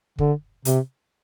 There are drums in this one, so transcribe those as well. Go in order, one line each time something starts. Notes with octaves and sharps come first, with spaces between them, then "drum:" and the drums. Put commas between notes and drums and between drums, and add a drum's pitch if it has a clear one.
D3, drum: kick
C3, drum: hi-hat